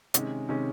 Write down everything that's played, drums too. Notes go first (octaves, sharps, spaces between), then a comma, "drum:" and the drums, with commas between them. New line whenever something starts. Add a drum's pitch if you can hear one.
C3 D#3 G#3 C#4, drum: hi-hat
C3 D#3 G#3 C#4